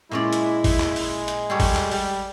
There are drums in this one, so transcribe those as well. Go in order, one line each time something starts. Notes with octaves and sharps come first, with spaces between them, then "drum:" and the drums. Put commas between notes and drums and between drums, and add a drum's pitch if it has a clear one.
A#2 G#3 C#4 E4 D5
drum: hi-hat
drum: kick G#1, open hi-hat
drum: clap
drum: open hi-hat
drum: hi-hat
G3 G#4 A4 C#5
drum: kick G#1, open hi-hat
drum: clap
G3, drum: open hi-hat